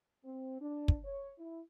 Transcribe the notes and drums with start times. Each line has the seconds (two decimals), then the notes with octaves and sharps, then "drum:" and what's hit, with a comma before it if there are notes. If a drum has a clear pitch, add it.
0.25 C4
0.61 D4
0.88 drum: kick
1.05 C#5
1.38 E4